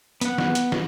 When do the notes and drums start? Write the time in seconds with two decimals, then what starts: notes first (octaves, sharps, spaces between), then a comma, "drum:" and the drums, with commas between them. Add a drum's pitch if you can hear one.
0.21 B3 F#5, drum: hi-hat
0.38 drum: snare
0.55 drum: hi-hat
0.72 drum: snare